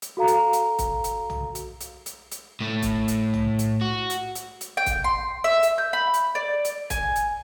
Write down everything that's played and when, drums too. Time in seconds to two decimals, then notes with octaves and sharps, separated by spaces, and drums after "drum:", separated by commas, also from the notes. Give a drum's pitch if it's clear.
0.02 drum: hi-hat
0.17 F#4 A4 F5 A#5
0.28 drum: hi-hat
0.53 drum: hi-hat
0.79 drum: kick, hi-hat
1.04 drum: hi-hat
1.30 drum: tom
1.55 drum: hi-hat
1.81 drum: hi-hat
2.06 drum: hi-hat
2.32 drum: hi-hat
2.60 A2 A3
2.83 drum: kick, hi-hat
3.08 drum: hi-hat
3.33 drum: tom
3.59 drum: hi-hat
3.81 F#4
4.10 drum: hi-hat
4.35 drum: hi-hat
4.61 drum: hi-hat
4.77 G5
4.86 drum: kick, hi-hat
5.04 C6
5.44 E5
5.63 drum: hi-hat
5.78 G6
5.93 B5
6.14 drum: hi-hat
6.35 D5
6.65 drum: hi-hat
6.90 G#5, drum: kick, hi-hat
7.16 drum: hi-hat